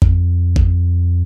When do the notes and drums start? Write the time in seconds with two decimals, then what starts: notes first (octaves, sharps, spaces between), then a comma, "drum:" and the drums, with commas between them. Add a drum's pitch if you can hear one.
0.02 F2, drum: kick G#1
0.56 drum: kick G#1